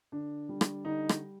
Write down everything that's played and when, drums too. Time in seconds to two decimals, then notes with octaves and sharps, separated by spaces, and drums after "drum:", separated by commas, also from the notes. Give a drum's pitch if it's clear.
0.12 D3 D4
0.49 G3
0.61 drum: rim click
0.85 D3 D#4
1.09 drum: rim click